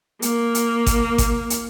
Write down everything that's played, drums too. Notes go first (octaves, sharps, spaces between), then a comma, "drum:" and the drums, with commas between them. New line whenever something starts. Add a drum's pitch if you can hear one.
A#3, drum: hi-hat
drum: hi-hat
drum: kick G#1, hi-hat
drum: kick G#1, hi-hat
drum: hi-hat